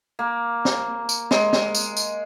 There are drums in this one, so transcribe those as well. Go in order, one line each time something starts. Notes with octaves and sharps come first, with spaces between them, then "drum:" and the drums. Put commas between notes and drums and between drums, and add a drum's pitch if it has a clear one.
A#3
drum: snare
drum: tambourine
G#3, drum: snare
drum: snare
drum: tambourine
drum: tambourine